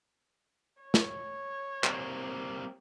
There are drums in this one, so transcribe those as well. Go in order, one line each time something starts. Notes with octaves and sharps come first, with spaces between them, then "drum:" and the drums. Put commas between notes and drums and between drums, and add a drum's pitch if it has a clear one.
C#5
drum: snare
G3 A#3 C4, drum: clap